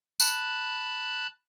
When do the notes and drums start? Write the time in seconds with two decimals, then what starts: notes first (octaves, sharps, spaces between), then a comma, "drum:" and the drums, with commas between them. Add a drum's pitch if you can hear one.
0.20 A5 B5 F#6, drum: tambourine